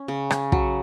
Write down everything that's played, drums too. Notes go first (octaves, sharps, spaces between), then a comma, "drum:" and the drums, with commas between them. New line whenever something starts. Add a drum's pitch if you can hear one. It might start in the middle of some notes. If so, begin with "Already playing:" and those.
Already playing: C#4
C#3
C#4, drum: rim click
F#3, drum: kick